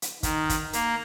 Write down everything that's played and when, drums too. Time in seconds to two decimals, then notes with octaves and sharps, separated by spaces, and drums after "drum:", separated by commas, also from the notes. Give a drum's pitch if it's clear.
0.02 drum: hi-hat
0.23 D#3, drum: kick, hi-hat
0.49 drum: kick, hi-hat
0.73 A#3, drum: hi-hat